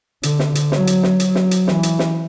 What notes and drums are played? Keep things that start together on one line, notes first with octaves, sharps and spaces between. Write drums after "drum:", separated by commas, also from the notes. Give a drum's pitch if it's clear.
D3, drum: hi-hat
drum: snare
drum: hi-hat
F#3, drum: snare
drum: hi-hat
drum: snare
F#3, drum: hi-hat
drum: snare
drum: hi-hat
E3, drum: snare
drum: hi-hat
drum: snare